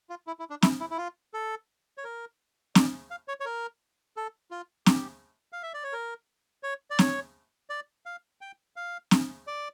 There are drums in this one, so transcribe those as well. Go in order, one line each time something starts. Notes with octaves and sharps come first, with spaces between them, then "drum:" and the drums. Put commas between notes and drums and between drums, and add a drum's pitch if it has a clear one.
F4
E4
E4
D4
E4, drum: snare C4
E4
E4
F4
A4
C#5
A#4
D5, drum: snare C4
F5
C#5
C#5
A#4
A4
F4
G4, drum: snare C4
F5
E5
D5
C#5
A#4
C#5
D5
C#5, drum: snare C4
D5
F5
G5
F5
drum: snare C4
D5